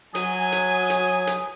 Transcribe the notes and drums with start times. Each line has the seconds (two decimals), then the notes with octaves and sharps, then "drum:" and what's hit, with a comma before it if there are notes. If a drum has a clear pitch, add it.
0.15 F#3 G#5 D#6, drum: hi-hat
0.52 drum: hi-hat
0.90 drum: hi-hat
1.27 drum: hi-hat